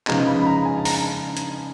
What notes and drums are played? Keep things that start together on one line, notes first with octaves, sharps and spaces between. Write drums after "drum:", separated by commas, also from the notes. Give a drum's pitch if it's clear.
C#3 F3 G#3 B3 D#4 A#5, drum: clap
B5
B5
A#5
G#5
A5
A#5, drum: open hi-hat
drum: hi-hat